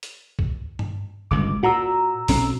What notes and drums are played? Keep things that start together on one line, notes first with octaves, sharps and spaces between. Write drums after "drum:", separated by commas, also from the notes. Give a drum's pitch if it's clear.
drum: hi-hat
drum: kick C2
drum: tom G2
G1 C#2 D6
A#2 F#4 A#5 E6
B1 C4 C#4, drum: open hi-hat